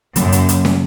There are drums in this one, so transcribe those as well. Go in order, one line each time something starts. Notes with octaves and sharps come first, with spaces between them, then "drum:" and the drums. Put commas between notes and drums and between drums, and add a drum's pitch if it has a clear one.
F#2 C#3 F#3 A#3 C#4, drum: hi-hat
drum: hi-hat
drum: hi-hat
drum: snare